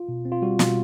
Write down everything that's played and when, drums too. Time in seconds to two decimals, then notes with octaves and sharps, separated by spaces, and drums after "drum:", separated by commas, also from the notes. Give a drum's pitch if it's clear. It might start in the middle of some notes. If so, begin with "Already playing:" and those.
Already playing: F4
0.09 B2
0.25 C4
0.32 F4
0.42 G3 F#4
0.59 B2 F4, drum: snare